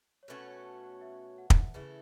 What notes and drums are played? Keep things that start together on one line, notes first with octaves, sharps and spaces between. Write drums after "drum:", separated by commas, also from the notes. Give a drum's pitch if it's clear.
C#5
B2 A3 C#4 F#4 B4
C#5
A5
F#5
E5
F#5
drum: kick
C#3 E3 A3 E4 B4